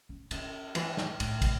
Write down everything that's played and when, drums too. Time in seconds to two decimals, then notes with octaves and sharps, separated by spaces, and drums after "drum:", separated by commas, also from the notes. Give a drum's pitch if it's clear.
0.09 C#3
0.31 C#3, drum: cymbal
0.75 E3, drum: cymbal
0.97 drum: snare
1.20 A2, drum: cymbal
1.42 drum: kick, cymbal